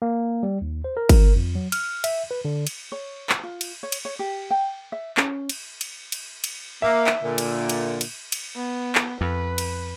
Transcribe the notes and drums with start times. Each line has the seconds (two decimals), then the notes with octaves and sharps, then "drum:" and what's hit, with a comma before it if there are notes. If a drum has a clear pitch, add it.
0.02 A#3
0.43 G3
0.61 D#2
0.84 C5
0.97 A#4
1.09 drum: kick G1, cymbal
1.35 F2
1.55 F#3
1.72 F6, drum: cymbal
2.04 E5, drum: cymbal
2.31 B4
2.45 D3
2.67 drum: cymbal
2.92 C#5
3.29 drum: clap
3.43 F4
3.61 drum: cymbal
3.83 C#5
3.92 drum: cymbal
4.05 C#5
4.19 G4
4.51 G5
4.92 E5
5.17 C#4, drum: clap
5.49 drum: cymbal
5.81 drum: cymbal
6.12 drum: cymbal
6.44 drum: cymbal
6.82 A#3 E5
7.07 drum: clap
7.22 A#2 D3
7.38 drum: cymbal
7.69 drum: cymbal
8.01 drum: cymbal
8.32 drum: cymbal
8.56 B3
8.95 drum: clap
9.21 F2 B4
9.58 drum: cymbal